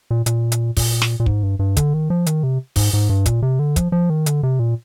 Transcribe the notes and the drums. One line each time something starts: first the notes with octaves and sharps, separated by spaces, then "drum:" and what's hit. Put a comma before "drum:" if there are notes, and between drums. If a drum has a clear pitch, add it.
A#2
A#2, drum: hi-hat
drum: hi-hat
A#2, drum: kick, open hi-hat
drum: snare
A#2
G#2, drum: kick
G2
G2
D3, drum: kick, hi-hat
D#3
F3
D#3, drum: hi-hat
C3
G#2, drum: kick, open hi-hat
G#2
G2
A#2, drum: kick, hi-hat
C3
D3
F3, drum: kick, hi-hat
F3
D#3
D3, drum: hi-hat
C3
A#2